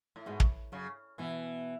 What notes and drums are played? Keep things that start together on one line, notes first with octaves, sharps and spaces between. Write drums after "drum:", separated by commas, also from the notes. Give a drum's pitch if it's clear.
A2
G#2 B2 G#3
drum: kick
F#2 C#3 F#3
B2 E3 B3